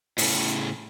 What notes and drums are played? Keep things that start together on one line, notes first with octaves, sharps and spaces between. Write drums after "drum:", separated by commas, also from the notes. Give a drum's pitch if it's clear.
A2 C#3, drum: open hi-hat